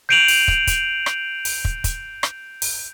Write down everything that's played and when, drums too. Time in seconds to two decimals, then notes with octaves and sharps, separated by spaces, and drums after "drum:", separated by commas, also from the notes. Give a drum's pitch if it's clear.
0.09 G6 C7 D7 D#7 F7 F#7
0.28 drum: open hi-hat
0.48 drum: kick
0.67 drum: kick, hi-hat
1.06 drum: rim click
1.45 drum: open hi-hat
1.65 drum: kick
1.84 drum: kick, hi-hat
2.23 drum: rim click
2.62 drum: open hi-hat